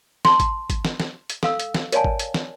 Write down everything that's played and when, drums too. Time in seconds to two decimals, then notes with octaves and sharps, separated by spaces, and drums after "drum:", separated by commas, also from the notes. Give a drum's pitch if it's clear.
0.25 A5 C6, drum: snare
0.40 drum: kick G#1, hi-hat
0.70 drum: kick G#1, hi-hat
0.85 drum: snare
1.00 drum: snare
1.30 drum: hi-hat
1.43 A4 F5 E6, drum: snare
1.60 drum: hi-hat
1.74 drum: snare
1.92 A#4 C#5 D5 F5 G#5 A5, drum: hi-hat
2.04 drum: kick G#1
2.19 drum: hi-hat
2.34 drum: snare